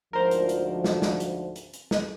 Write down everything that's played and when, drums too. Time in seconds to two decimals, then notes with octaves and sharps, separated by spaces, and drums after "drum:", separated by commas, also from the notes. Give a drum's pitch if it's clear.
0.13 D2 G#2 F3 A#4 C5
0.31 drum: hi-hat
0.49 drum: hi-hat
0.84 drum: snare
1.02 drum: snare
1.20 drum: hi-hat
1.56 drum: hi-hat
1.73 drum: hi-hat
1.91 drum: snare